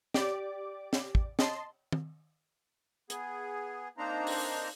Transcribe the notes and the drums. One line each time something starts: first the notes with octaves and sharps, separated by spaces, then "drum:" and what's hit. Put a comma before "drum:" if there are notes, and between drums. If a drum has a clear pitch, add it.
G4 D5 D6, drum: snare
drum: snare
drum: kick
D#5 A5 C6, drum: snare
drum: tom
B3 G#4, drum: hi-hat
A#3 C4 D4 D#4 C5 A#5
drum: open hi-hat